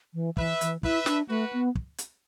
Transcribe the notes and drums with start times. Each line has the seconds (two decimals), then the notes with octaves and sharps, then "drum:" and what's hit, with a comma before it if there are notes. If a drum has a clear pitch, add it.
0.14 E3
0.37 E3 B4 E5, drum: kick
0.61 E3, drum: hi-hat
0.83 E4 B4 E5, drum: kick
1.06 D4, drum: snare
1.29 A3 F#4 B4
1.53 B3
1.75 drum: kick
1.98 drum: hi-hat